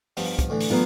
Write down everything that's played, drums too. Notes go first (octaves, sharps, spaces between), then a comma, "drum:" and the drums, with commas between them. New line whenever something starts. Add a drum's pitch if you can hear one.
G2 F3 B3, drum: open hi-hat
drum: kick, hi-hat
A2 D3 E3
drum: open hi-hat
F#3 B3 F4